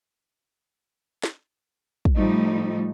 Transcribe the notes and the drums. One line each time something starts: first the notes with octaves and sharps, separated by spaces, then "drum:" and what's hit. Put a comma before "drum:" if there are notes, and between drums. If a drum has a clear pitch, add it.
drum: snare
drum: kick
A2 F3 G3 A3 D#4